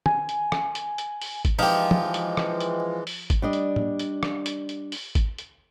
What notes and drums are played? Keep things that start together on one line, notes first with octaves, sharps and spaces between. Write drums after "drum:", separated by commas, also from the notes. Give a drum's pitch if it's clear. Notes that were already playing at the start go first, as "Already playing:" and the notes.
G#5, drum: tom
drum: hi-hat
drum: rim click
drum: hi-hat
drum: hi-hat
drum: open hi-hat
drum: kick G#1, hi-hat
E3 F3 G#3 D#4 G4
drum: tom
drum: hi-hat
drum: rim click
drum: hi-hat
drum: open hi-hat
drum: kick G#1, hi-hat
G3 D4 D#5
drum: hi-hat
drum: tom
drum: hi-hat
drum: rim click
drum: hi-hat
drum: hi-hat
drum: open hi-hat
drum: kick G#1, hi-hat
drum: hi-hat